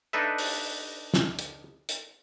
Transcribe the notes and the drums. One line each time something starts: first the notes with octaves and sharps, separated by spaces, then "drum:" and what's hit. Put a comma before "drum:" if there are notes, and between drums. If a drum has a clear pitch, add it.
D4 D#4 A4 B4 E5
drum: open hi-hat
drum: snare
drum: hi-hat
drum: hi-hat